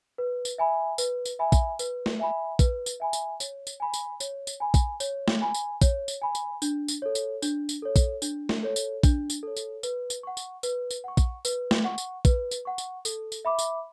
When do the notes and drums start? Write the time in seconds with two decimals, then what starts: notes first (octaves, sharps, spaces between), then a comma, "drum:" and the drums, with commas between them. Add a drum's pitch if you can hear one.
0.18 B4
0.45 drum: tambourine
0.58 E5 G#5 B5
0.98 B4, drum: tambourine
1.25 drum: tambourine
1.39 E5 G#5 B5
1.52 drum: kick, tambourine
1.79 B4, drum: tambourine
2.06 drum: snare
2.19 E5 G#5 B5
2.59 B4, drum: kick, tambourine
2.86 drum: tambourine
3.00 E5 G#5 B5
3.13 drum: tambourine
3.40 C#5, drum: tambourine
3.67 drum: tambourine
3.80 G#5 B5
3.94 drum: tambourine
4.20 C#5, drum: tambourine
4.47 drum: tambourine
4.60 G#5 B5
4.74 drum: kick, tambourine
5.00 C#5, drum: tambourine
5.28 drum: snare
5.41 G#5 B5
5.54 drum: tambourine
5.82 C#5, drum: kick, tambourine
6.08 drum: tambourine
6.22 G#5 B5
6.35 drum: tambourine
6.62 D4, drum: tambourine
6.88 drum: tambourine
7.02 A4 C#5
7.15 drum: tambourine
7.42 D4, drum: tambourine
7.69 drum: tambourine
7.82 A4 C#5
7.96 drum: kick, tambourine
8.22 D4, drum: tambourine
8.49 drum: snare
8.63 A4 C#5
8.76 drum: tambourine
9.04 D4, drum: kick, tambourine
9.30 drum: tambourine
9.43 A4 C#5
9.57 drum: tambourine
9.83 B4, drum: tambourine
10.10 drum: tambourine
10.23 F#5 C#6
10.37 drum: tambourine
10.63 B4, drum: tambourine
10.91 drum: tambourine
11.04 F#5 C#6
11.17 drum: kick, tambourine
11.45 B4, drum: tambourine
11.71 drum: snare
11.84 F#5 C#6
11.98 drum: tambourine
12.25 B4, drum: kick, tambourine
12.51 drum: tambourine
12.65 F#5 C#6
12.78 drum: tambourine
13.05 A4, drum: tambourine
13.32 drum: tambourine
13.45 E5 B5 D6
13.59 drum: tambourine